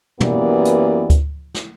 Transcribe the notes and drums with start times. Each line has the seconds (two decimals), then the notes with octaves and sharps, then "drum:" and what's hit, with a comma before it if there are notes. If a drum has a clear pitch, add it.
0.20 F#2 E3 A#3 B3 G4 D5, drum: tom
0.65 drum: hi-hat
1.10 drum: kick D2, hi-hat
1.54 drum: snare